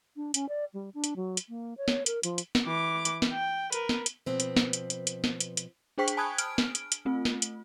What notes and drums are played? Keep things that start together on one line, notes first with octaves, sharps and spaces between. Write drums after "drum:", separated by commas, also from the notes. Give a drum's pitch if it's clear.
D4
C#4, drum: hi-hat
D5
G3
D4
drum: hi-hat
F#3
drum: hi-hat
A#3
C#5
drum: snare
A#4, drum: hi-hat
F3, drum: hi-hat
drum: hi-hat
drum: snare
E3 D6
drum: hi-hat
drum: snare
G5
A#4 B4, drum: hi-hat
drum: snare
drum: hi-hat
B2 F3 C4 B4
drum: hi-hat
drum: snare
drum: hi-hat
drum: hi-hat
drum: hi-hat
drum: snare
drum: hi-hat
drum: hi-hat
D4 G#4 C5 G5 C#6 B6
drum: hi-hat
G#5 A5 B5 D#6 F#6 G#6
F6 D7, drum: hi-hat
drum: snare
drum: hi-hat
drum: hi-hat
A3 C4 F4
drum: snare
drum: hi-hat